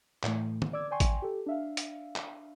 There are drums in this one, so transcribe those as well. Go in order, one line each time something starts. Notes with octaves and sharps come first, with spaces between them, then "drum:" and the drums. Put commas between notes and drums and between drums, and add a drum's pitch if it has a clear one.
A2 E3 A3, drum: clap
drum: tom D3
D5 D6 E6 G#6
D5 G5 G#5 C6 C#6
drum: kick A1, hi-hat
G4 A4
D4 E5 F5
drum: hi-hat
drum: clap